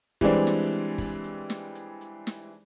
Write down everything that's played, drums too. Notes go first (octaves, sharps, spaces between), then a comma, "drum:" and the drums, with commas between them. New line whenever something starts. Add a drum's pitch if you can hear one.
E3 G3 G#3 C4 D4, drum: kick, hi-hat
drum: snare
drum: hi-hat
drum: kick, open hi-hat
drum: hi-hat
drum: snare
drum: hi-hat
drum: hi-hat
drum: snare